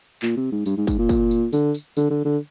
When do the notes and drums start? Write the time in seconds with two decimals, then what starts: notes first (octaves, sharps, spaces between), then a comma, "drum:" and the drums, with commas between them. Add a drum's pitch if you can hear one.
0.22 A#2, drum: clap
0.37 C3
0.52 G#2
0.66 G2, drum: tambourine
0.77 G#2
0.87 G#2, drum: kick, tambourine
0.98 A#2
1.09 drum: kick, tambourine
1.31 drum: tambourine
1.53 D3, drum: tambourine
1.74 drum: tambourine
1.97 D3, drum: tambourine
2.10 D3
2.25 D3